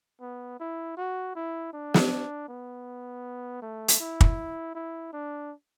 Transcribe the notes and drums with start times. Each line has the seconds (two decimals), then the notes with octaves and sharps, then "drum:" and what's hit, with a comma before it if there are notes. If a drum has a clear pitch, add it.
0.21 B3
0.60 E4
0.97 F#4
1.36 E4
1.73 D4
1.94 drum: snare
2.48 B3
3.62 A3
3.88 drum: hi-hat
4.00 E4
4.21 drum: kick
4.75 E4
5.13 D4